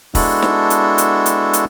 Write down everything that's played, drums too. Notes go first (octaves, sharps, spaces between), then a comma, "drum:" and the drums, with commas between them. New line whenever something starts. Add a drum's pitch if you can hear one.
G#3 B3 D4 E4 F#4 A4, drum: kick, open hi-hat
drum: snare
drum: hi-hat
drum: hi-hat
drum: hi-hat
drum: hi-hat